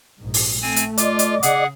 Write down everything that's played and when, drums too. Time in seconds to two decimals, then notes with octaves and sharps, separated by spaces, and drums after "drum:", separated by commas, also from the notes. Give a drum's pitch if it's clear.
0.19 A#1 G#2
0.34 drum: open hi-hat
0.62 A3 C4 G#5
0.76 drum: hi-hat
0.98 F4 D5 D#5 D6, drum: hi-hat
1.19 drum: hi-hat
1.43 C#3 G#4 F#5, drum: hi-hat